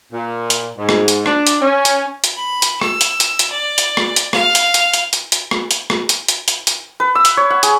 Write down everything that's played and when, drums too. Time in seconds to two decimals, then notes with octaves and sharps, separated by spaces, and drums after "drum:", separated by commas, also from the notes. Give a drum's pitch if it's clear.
0.12 A#2
0.50 drum: hi-hat
0.78 G#2
0.89 drum: rim click
1.08 drum: hi-hat
1.26 D4, drum: rim click
1.47 drum: hi-hat
1.61 C#4
1.85 drum: hi-hat
2.24 drum: hi-hat
2.37 B5
2.62 drum: hi-hat
2.81 E6, drum: rim click
3.01 drum: hi-hat
3.20 drum: hi-hat
3.39 drum: hi-hat
3.52 D5
3.78 drum: hi-hat
3.97 drum: rim click
4.16 drum: hi-hat
4.33 F5, drum: rim click
4.55 drum: hi-hat
4.74 drum: hi-hat
4.94 drum: hi-hat
5.13 drum: hi-hat
5.32 drum: hi-hat
5.51 drum: rim click
5.71 drum: hi-hat
5.90 drum: rim click
6.09 drum: hi-hat
6.28 drum: hi-hat
6.48 drum: hi-hat
6.67 drum: hi-hat
7.00 B4
7.15 E6
7.25 drum: hi-hat
7.37 C#5
7.50 F#5
7.63 G#4, drum: hi-hat